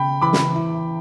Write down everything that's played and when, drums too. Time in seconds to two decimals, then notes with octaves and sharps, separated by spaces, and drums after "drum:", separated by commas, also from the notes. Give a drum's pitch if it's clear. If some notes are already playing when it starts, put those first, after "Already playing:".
Already playing: C#3 G5 B5
0.22 E3 B5 D6
0.33 drum: snare
0.56 E4